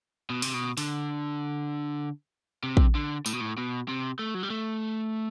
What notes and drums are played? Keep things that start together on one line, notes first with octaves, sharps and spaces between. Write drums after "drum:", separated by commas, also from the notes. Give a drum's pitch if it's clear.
B2
C3, drum: open hi-hat
B2
D3, drum: open hi-hat
C3
drum: kick
D3
A2, drum: tambourine
B2
A2
B2
C3
A3
F#3
G3
A3